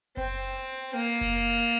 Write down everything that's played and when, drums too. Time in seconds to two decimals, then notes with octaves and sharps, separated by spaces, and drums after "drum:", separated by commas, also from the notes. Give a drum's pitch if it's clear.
0.17 C4, drum: kick F#1
0.95 A#3
1.21 drum: kick F#1